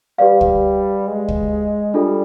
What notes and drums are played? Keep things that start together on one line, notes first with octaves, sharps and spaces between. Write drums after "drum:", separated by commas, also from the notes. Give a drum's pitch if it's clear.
G3 G4 B4 D5 F5
drum: kick
G#3
drum: kick
G3 D4 F4 A4